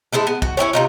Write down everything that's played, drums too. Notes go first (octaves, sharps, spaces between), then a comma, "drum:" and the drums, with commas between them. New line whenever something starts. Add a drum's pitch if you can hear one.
G#3 A3 E4 A4
B3
F#4, drum: kick
C#4 E4 G4 C#5
C3 D#4 F4